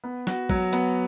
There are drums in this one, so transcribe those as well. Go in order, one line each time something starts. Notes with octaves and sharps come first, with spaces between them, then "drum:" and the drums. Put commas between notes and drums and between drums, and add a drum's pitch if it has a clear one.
B3
F#4, drum: snare
F#3, drum: kick
B3, drum: hi-hat